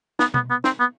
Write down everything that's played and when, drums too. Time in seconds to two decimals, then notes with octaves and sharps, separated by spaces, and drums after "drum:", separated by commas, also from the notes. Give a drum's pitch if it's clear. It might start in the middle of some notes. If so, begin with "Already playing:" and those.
0.19 B3, drum: snare
0.34 B3, drum: tom B2
0.50 B3
0.64 C4, drum: snare
0.80 B3